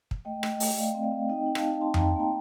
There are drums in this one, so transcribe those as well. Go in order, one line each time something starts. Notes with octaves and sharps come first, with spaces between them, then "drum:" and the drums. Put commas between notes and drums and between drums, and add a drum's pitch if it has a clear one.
drum: kick
A3 D#5 G5
A3, drum: rim click
D#5 G5
A3, drum: open hi-hat
A3 D5 F5
C4
D5 F5
C4
D#4 D#5 G5
D#4
F5 A5, drum: rim click
D#4
D#4 A5 C6
D#4 G5 A#5, drum: tom F2
A5 C6
A#3 G5 A#5